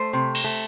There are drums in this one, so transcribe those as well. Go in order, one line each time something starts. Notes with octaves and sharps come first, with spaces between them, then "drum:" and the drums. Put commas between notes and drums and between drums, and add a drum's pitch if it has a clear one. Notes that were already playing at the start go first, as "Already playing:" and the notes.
Already playing: A3 C5
C3
drum: cymbal
A3